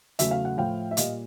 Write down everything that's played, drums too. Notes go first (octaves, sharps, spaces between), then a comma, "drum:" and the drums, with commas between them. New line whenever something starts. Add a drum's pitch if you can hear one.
E2 C#3 F#3 A3 E5, drum: hi-hat
F5
F#5
A2 F3 A3 F5 G5
E5
A#2 G3 D#5 F5, drum: hi-hat